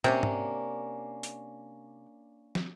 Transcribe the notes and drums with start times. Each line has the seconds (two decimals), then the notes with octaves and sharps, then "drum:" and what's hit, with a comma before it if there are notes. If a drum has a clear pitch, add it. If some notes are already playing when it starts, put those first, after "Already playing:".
0.04 C3 A#3 C#4 D4, drum: tom
0.23 drum: tom G#2
1.23 drum: hi-hat
2.55 drum: snare